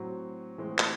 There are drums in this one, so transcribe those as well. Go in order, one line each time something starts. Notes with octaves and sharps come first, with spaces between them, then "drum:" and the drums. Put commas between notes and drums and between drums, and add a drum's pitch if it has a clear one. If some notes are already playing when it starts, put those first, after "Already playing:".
Already playing: A2 F#3 C4 F#4
A2 E3 G#3 C4
drum: clap